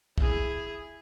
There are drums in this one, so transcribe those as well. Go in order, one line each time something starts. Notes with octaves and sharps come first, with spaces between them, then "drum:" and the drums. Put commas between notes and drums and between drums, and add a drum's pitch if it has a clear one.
E4 G#4, drum: kick